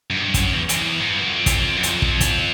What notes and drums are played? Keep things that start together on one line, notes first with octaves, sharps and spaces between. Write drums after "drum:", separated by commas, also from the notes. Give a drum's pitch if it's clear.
F#2
G2
F#2, drum: kick, hi-hat
E2
E2, drum: hi-hat
G#2
G2
F#2
F2
drum: kick, hi-hat
F#2
F2, drum: hi-hat
drum: kick
drum: kick, hi-hat